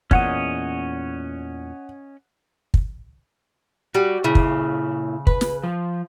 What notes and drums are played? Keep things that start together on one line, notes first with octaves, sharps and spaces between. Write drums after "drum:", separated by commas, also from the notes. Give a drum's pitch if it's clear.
E2 A#2 C#4 C#5 D#5 F#5, drum: kick
drum: kick
G3 F#4
A#2 C#3 E4
drum: kick
B4, drum: kick
drum: snare
F3